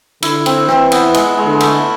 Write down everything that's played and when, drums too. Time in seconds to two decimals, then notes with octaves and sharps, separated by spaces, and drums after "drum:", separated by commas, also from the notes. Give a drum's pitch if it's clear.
0.22 D3 E4, drum: cymbal
0.46 C4, drum: cymbal
0.68 E3 C4, drum: rim click
0.92 B3, drum: cymbal
1.14 G#3, drum: cymbal
1.37 G#3
1.45 D3
1.60 A3, drum: cymbal